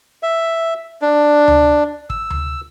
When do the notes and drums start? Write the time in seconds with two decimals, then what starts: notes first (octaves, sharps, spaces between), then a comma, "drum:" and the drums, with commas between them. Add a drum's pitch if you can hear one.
0.23 E5
1.02 D4
1.48 drum: tom D2
2.10 E6, drum: kick
2.30 drum: tom D2